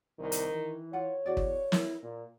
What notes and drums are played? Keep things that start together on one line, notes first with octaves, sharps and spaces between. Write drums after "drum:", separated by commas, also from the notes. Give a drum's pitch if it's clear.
C2 D#3
drum: hi-hat
E3
F4 C#5 F#5
E2 F#4 D5
drum: kick
E4 A#4, drum: snare
A#2